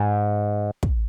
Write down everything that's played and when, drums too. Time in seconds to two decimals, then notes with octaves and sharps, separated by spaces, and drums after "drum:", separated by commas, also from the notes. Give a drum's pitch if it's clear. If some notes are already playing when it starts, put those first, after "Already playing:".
Already playing: G#2
0.83 drum: kick